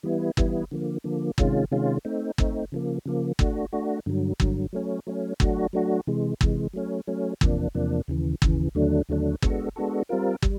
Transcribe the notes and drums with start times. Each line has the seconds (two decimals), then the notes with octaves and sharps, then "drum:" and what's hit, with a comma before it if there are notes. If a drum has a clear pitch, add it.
0.03 E3 G3 B3 E4
0.37 E3 G3 B3 E4, drum: kick
0.71 D3 F3 A#3
1.04 D3 F3 A#3
1.38 C3 D#3 G#3 C#4 F4, drum: kick
1.71 C3 D#3 G#3 C#4 F4
2.05 A3 C4 D#4
2.38 A3 C4 D#4, drum: kick
2.72 C#3 F3 A#3
3.06 C#3 F3 A#3
3.39 A3 D4 F#4, drum: kick
3.72 A3 D4 F#4
4.06 G2 D3 F#3
4.40 G2 D3 F#3, drum: kick
4.73 F#3 A3 C#4
5.07 F#3 A3 C#4
5.40 F#3 A3 D4 F#4, drum: kick
5.73 F#3 A3 D4 F#4
6.07 C3 E3 G#3
6.41 C3 E3 G#3, drum: kick
6.73 F#3 A3 C#4
7.07 F#3 A3 C#4
7.41 E2 C3 F3 A#3 D4, drum: kick
7.75 E2 C3 F3 A#3 D4
8.08 D#2 C#3 E3
8.42 D#2 C#3 E3, drum: kick
8.75 D#2 D3 F#3 A3 D4
9.09 D#2 D3 F#3 A3 D4
9.42 G#3 B3 D4 F#4 A4, drum: kick
9.76 G#3 B3 D4 F#4 A4
10.09 G3 C4 F4 A#4
10.42 G3, drum: kick